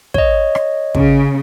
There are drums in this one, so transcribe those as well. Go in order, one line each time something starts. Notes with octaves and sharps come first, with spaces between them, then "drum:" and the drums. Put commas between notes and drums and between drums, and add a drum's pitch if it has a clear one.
C#5 D#5, drum: kick
drum: rim click
C#3, drum: kick